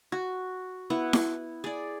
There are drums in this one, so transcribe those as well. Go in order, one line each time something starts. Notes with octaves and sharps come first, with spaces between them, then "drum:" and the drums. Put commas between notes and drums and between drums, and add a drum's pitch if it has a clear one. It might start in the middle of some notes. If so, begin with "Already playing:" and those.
F#4
B3 E4 F#5
drum: snare E4
G#4 D5